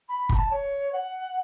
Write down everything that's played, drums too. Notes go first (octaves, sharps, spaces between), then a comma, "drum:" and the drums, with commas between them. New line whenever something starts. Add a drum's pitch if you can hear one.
B5
B5, drum: kick
A5
C#5
F#5